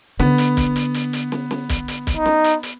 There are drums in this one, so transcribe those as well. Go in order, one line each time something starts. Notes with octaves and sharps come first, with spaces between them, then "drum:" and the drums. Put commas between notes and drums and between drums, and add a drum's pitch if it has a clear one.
D3 B3, drum: snare
drum: hi-hat
drum: kick, hi-hat
drum: hi-hat
drum: hi-hat
drum: hi-hat
drum: snare
drum: snare
drum: kick, hi-hat
drum: hi-hat
drum: kick, hi-hat
D#4
drum: snare
drum: hi-hat
drum: hi-hat